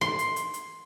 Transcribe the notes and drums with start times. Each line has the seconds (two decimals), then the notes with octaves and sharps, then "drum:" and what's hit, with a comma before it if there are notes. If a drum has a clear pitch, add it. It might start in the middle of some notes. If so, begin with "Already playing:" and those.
0.01 C6, drum: snare D#4
0.19 drum: hi-hat
0.36 drum: hi-hat
0.54 drum: hi-hat